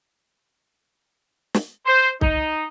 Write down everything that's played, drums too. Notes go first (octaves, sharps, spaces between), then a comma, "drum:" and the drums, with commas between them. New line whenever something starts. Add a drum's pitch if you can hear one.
drum: snare
C5
D#4, drum: kick C2